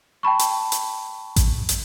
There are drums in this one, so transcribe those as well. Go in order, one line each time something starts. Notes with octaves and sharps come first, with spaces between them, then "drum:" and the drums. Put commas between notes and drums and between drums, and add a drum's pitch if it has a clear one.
G5 A5 B5 C#6
drum: hi-hat
drum: hi-hat
drum: kick A1, hi-hat
drum: hi-hat